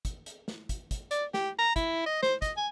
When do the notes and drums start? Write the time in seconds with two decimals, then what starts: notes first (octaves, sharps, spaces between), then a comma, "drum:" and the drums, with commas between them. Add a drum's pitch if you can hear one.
0.05 drum: kick, hi-hat
0.26 drum: hi-hat
0.48 drum: snare
0.69 drum: kick, hi-hat
0.91 drum: kick, hi-hat
1.11 D5, drum: hi-hat
1.34 G4, drum: snare
1.59 A#5
1.76 E4, drum: kick, hi-hat
2.06 D#5
2.23 C5, drum: snare
2.42 D#5, drum: kick, hi-hat
2.57 G#5